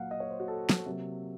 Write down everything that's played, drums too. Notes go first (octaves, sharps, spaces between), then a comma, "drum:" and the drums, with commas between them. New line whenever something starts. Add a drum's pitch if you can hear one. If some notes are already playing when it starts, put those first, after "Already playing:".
Already playing: A#2 F#3 A#3 F5 F#5
D#5
C#5
C5
F#4
A4
drum: snare
C3 F#3 A#3